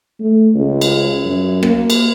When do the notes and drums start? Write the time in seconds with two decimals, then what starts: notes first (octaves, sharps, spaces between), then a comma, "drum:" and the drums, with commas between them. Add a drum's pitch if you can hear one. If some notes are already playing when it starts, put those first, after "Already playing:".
0.19 A3
0.54 C#2
0.81 drum: cymbal
1.24 F#2
1.63 A#3, drum: rim click
1.90 drum: cymbal